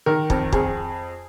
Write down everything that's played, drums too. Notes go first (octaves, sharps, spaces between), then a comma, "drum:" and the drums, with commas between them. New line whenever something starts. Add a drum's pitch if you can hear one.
D#3 A#4
F2, drum: kick
F2 G#4, drum: kick